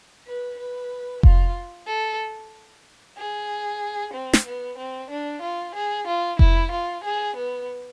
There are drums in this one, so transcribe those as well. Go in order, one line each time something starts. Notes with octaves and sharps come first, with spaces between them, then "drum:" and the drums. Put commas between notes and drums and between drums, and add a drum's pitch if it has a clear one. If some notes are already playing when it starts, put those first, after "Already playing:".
B4
B4
F4, drum: kick F1
A4
G#4
C4
drum: snare
B3
C4
D4
F4
G#4
F4
E4, drum: kick F1
F4
G#4
B3